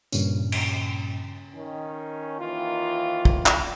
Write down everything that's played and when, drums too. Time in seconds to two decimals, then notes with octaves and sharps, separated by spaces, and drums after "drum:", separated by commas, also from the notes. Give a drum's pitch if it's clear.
0.12 G2 A#2 C#3 C#4, drum: tambourine
0.52 drum: cymbal
1.55 D#3 C#4
2.40 D#2 D#3 E3 F4
3.25 drum: kick
3.46 drum: clap